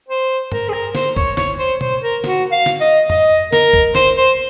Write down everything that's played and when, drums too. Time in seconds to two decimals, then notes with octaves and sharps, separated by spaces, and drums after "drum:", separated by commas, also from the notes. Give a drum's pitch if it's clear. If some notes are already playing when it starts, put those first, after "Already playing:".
0.09 C5
0.52 A#4, drum: tom G2
0.69 G#4
0.73 A#4
0.95 C5, drum: snare
1.16 C#5, drum: kick
1.37 C#5, drum: snare
1.59 C5
1.81 C5, drum: tom B2
2.02 A#4
2.24 F#4, drum: snare
2.52 F5
2.66 drum: snare
2.81 D#5
3.10 D#5, drum: tom F2
3.52 A#4, drum: snare
3.73 drum: kick
3.95 C5, drum: snare
4.17 C5